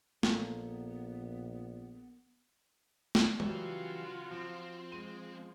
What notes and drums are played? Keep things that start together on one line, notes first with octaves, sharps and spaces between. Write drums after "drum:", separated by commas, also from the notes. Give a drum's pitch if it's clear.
A#1 A#3 B3 A4, drum: snare
drum: snare
C#3 E3 F#3 G3 F4 F#4 C#5, drum: tom
F3 C4
G#3 C6 D#7